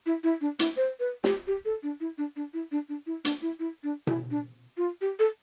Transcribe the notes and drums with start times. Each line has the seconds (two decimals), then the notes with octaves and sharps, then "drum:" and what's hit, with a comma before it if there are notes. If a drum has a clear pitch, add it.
0.06 E4
0.23 E4
0.41 D4
0.59 E4, drum: hi-hat
0.77 C5
1.00 B4
1.24 G4, drum: snare
1.47 G4
1.65 A4
1.83 D4
2.00 E4
2.18 D4
2.36 D4
2.54 E4
2.72 D4
2.89 D4
3.07 E4
3.25 D4, drum: hi-hat
3.42 E4
3.59 E4
3.83 D4
4.07 E4, drum: tom B2
4.31 D4
4.77 F4
5.01 G4
5.19 A4